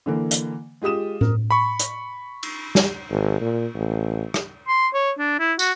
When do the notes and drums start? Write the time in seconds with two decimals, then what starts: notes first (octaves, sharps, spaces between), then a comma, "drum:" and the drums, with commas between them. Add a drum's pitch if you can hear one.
0.06 D3 E3 A#3
0.31 drum: hi-hat
0.82 G#3 F4 G4 D#6 E7
1.21 A#4, drum: tom A2
1.51 B5 C#6
1.79 drum: hi-hat
2.43 drum: cymbal
2.75 drum: snare
3.10 G#1
3.41 A#2
3.74 A1
4.34 drum: rim click
4.68 C6
4.94 C#5
5.18 D4
5.39 E4
5.59 F#4, drum: tambourine